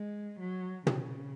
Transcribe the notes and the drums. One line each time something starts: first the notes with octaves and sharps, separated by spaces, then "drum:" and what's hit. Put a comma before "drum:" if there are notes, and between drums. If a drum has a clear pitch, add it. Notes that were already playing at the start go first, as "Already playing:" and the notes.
Already playing: G#3
F#3
C#3, drum: tom